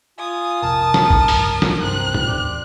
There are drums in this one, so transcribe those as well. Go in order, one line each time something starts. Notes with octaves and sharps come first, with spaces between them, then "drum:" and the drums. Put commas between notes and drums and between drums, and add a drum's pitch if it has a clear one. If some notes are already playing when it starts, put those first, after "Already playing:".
F4 G#5 D#6
A#1 F2 C3 A#4 A5
drum: snare
drum: kick
C#2 G2, drum: open hi-hat
drum: snare
C2 G2 C4 F#6
drum: tom
D1 E2 D5